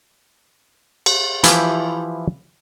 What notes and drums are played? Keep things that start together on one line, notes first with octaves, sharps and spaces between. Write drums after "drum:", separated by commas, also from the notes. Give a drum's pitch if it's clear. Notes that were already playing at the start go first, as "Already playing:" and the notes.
drum: cymbal
E3 F3 E4 G4 C5, drum: hi-hat